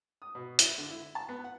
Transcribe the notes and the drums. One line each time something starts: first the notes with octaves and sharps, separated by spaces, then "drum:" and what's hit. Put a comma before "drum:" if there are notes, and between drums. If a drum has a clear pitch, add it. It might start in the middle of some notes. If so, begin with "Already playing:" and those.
D#6
B2
E4, drum: hi-hat
D3
E4
A5
B3
F#5